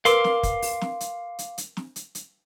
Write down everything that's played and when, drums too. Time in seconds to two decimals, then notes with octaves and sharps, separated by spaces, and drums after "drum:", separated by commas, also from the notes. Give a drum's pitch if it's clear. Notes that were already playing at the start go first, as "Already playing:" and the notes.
0.05 A#4 B4 F5 C6 D6, drum: hi-hat
0.24 drum: snare
0.43 drum: kick, hi-hat
0.62 drum: open hi-hat
0.81 drum: snare
1.00 drum: hi-hat
1.39 drum: hi-hat
1.58 drum: hi-hat
1.77 drum: snare
1.96 drum: hi-hat
2.15 drum: hi-hat